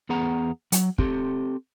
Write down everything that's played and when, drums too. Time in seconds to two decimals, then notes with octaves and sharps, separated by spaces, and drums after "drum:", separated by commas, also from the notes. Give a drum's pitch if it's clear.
0.09 E2 B3 G#4 F#5 A#5
0.72 F#3, drum: hi-hat
0.98 C4 G4 A4, drum: kick